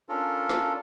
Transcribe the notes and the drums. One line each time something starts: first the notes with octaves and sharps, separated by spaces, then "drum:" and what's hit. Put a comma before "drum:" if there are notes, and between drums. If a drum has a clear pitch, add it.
C#4 D4 F4 A4 A#4
drum: snare